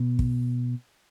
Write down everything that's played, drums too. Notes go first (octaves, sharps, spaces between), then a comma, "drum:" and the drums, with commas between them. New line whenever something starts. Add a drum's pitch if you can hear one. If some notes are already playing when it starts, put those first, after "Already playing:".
Already playing: B2
drum: kick